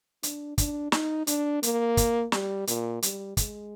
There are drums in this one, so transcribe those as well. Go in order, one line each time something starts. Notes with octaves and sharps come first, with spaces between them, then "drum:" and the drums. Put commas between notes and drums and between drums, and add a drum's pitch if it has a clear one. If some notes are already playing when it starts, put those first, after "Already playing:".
D4, drum: hi-hat
D4, drum: kick, hi-hat
D#4, drum: snare
D4, drum: hi-hat
A#3, drum: hi-hat
drum: kick, hi-hat
G3, drum: snare
A#2, drum: hi-hat
G3, drum: hi-hat
G#3, drum: kick, hi-hat